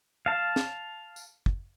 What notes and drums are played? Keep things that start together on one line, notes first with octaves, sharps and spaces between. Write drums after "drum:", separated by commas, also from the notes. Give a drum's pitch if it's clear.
F5 A5
drum: snare
drum: tambourine
drum: kick